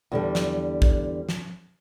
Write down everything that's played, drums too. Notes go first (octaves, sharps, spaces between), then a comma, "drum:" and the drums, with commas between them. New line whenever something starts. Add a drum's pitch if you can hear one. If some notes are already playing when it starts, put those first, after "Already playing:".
E2 D3 G3
drum: snare
drum: kick
drum: snare